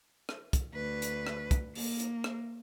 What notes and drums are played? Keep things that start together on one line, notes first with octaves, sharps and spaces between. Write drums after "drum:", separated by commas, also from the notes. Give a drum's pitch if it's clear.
drum: rim click
drum: kick, hi-hat
D2 B4
drum: hi-hat
drum: rim click
drum: kick, hi-hat
A#3, drum: open hi-hat
drum: hi-hat
drum: rim click